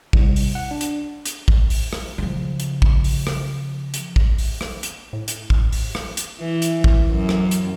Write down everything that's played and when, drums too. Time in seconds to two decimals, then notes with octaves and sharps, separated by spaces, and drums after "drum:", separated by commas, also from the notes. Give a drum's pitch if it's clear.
0.13 C2, drum: kick
0.36 drum: open hi-hat
0.55 F#5
0.71 D4
0.81 drum: hi-hat
1.26 drum: hi-hat
1.48 drum: kick
1.70 drum: open hi-hat
1.93 drum: rim click
2.18 C#3 F3
2.60 drum: hi-hat
2.82 drum: kick
3.04 drum: open hi-hat
3.27 drum: rim click
3.94 drum: hi-hat
4.16 drum: kick
4.38 drum: open hi-hat
4.61 drum: rim click
4.83 drum: hi-hat
5.13 A2
5.28 drum: hi-hat
5.50 drum: kick
5.73 drum: open hi-hat
5.95 drum: rim click
6.17 drum: hi-hat
6.40 E3
6.62 drum: hi-hat
6.84 drum: kick
7.11 F#2
7.29 drum: rim click
7.51 drum: hi-hat